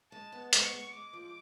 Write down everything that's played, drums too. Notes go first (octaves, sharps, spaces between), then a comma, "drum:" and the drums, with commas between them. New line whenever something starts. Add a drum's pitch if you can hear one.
G#3 A5
B3
G#3 C#6, drum: hi-hat
G#3
G#3 D6
F3